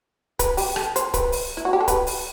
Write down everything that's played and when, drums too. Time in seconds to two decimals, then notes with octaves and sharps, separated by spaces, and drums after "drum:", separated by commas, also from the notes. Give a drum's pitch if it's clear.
0.39 B4, drum: kick, hi-hat
0.57 G4, drum: open hi-hat
0.76 A4, drum: rim click
0.96 C5, drum: hi-hat
1.14 B4, drum: kick, hi-hat
1.32 drum: open hi-hat
1.57 E4
1.65 F#4
1.73 G4
1.81 A4
1.88 B4, drum: kick, hi-hat
2.07 drum: open hi-hat